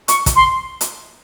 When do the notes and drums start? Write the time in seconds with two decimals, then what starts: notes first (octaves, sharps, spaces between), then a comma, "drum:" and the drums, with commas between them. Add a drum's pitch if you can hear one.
0.08 C#6, drum: hi-hat
0.26 drum: kick, hi-hat
0.36 C6
0.81 drum: hi-hat